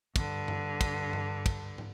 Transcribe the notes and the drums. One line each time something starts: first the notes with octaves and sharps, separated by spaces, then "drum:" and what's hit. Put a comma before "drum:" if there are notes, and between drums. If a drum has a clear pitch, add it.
G2 D3, drum: kick, cymbal
drum: tom G2
drum: kick, cymbal
drum: tom G2
drum: kick, cymbal
drum: tom